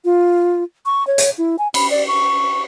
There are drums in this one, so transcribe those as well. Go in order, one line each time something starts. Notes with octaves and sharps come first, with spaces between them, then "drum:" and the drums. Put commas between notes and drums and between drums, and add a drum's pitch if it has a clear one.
F4
C#6
C#5
drum: hi-hat
E4
G#5
B5, drum: cymbal
D5
C#6